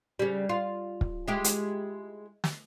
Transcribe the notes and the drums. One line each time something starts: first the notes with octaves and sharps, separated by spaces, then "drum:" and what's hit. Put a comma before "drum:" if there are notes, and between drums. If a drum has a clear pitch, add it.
C#3 G3
F4
drum: kick
G#3 E4 G4
drum: hi-hat
drum: snare